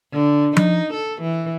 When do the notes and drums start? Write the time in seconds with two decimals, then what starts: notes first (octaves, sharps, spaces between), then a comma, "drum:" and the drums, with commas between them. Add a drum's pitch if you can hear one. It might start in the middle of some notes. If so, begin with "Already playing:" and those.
0.13 D3
0.57 D#4, drum: tom F3
0.93 A4
1.21 E3